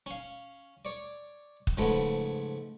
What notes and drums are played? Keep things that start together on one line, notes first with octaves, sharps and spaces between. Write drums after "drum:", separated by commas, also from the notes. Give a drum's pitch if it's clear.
C#4 F5
C#5 D5
drum: kick
G#2 C#3 F3 A3 B3